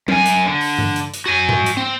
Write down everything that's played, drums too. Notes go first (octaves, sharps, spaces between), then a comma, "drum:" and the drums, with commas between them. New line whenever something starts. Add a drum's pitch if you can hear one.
F#2 G#5, drum: tom F#3
drum: hi-hat
D3
drum: open hi-hat
drum: tom G2
drum: hi-hat
drum: hi-hat
F#4 G#5
drum: tom G#2
drum: hi-hat
C4